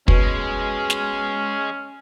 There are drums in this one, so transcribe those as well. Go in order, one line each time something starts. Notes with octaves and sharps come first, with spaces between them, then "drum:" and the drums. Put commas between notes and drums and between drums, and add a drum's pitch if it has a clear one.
B2 G#3 C#4, drum: kick
drum: snare